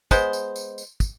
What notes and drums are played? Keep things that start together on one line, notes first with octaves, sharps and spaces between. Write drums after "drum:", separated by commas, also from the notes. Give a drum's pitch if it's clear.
G#3 B3 C5, drum: kick, tambourine
drum: tambourine
drum: tambourine
drum: tambourine
drum: kick, tambourine